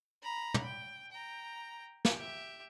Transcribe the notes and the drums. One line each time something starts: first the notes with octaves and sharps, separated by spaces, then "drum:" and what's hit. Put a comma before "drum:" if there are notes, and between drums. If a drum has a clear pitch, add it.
A#5 B5
drum: tom
G5
G5 A#5
drum: snare
G4 E5